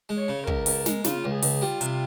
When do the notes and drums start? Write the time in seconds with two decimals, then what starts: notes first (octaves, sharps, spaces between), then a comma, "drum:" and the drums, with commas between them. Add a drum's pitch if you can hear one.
0.09 G#3
0.18 C#5
0.28 C#3
0.47 C#2 A#4, drum: kick
0.66 C#2, drum: open hi-hat
0.86 G#3, drum: snare
1.04 C#3 F4, drum: snare
1.24 C#2
1.34 G#4
1.42 C#2, drum: open hi-hat
1.62 G3 F4
1.81 C3, drum: hi-hat